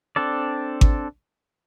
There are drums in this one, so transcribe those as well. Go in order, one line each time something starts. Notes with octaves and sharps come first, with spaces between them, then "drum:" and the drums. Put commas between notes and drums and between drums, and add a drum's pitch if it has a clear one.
C4 D4 A4 D5
drum: kick G#1